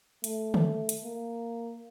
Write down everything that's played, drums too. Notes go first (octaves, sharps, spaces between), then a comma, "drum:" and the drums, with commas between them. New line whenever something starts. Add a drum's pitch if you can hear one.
A3, drum: hi-hat
drum: tom D3
drum: hi-hat
A#3